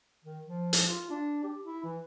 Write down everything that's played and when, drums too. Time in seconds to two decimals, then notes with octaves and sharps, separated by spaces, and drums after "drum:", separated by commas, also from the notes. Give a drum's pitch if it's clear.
0.25 D#3
0.48 F3
0.73 drum: hi-hat
0.88 F4
1.10 D4
1.44 G4
1.65 E4
1.84 E3